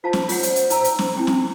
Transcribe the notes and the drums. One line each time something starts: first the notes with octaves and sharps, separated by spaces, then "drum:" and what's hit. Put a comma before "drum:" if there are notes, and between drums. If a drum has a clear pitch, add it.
F4 C5 F5 A5
drum: snare C#4
F4 C#5 F#5, drum: open hi-hat
D5, drum: hi-hat
drum: hi-hat
D#4 A#5 E6, drum: hi-hat
drum: hi-hat
drum: snare C#4
C4 D4 E4 G5
drum: snare C#4